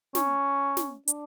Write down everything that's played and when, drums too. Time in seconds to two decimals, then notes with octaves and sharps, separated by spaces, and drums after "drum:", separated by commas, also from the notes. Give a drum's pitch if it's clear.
0.15 C#4, drum: snare
0.77 drum: snare
1.08 D4, drum: hi-hat